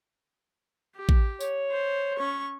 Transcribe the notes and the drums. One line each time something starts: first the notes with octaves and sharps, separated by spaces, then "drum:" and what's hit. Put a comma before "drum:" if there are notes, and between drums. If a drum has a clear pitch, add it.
G4
drum: kick A1
C#5, drum: tambourine
C5
C#4 C#6